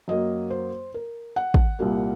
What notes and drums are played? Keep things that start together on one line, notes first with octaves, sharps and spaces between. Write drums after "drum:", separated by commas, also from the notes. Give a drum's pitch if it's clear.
F#2 F#3 A#3 D#5
C5
A#4
F#5
drum: kick
C2 A#2 G3 A#3